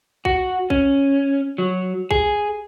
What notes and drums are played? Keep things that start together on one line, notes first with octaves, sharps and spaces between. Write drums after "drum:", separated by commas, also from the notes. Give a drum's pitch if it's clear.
F#4, drum: kick A#1
C#4, drum: kick A#1
F#3
G#4, drum: kick A#1